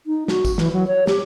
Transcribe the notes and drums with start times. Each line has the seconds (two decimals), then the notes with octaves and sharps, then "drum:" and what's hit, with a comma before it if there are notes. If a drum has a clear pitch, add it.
0.07 D#4
0.28 F#4, drum: snare
0.45 drum: kick, tambourine
0.58 E3, drum: snare
0.73 F#3
0.87 C#5
1.07 G4, drum: snare